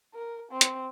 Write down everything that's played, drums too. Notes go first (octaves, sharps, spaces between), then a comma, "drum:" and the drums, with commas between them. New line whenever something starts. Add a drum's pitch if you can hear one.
A#4
C4
drum: hi-hat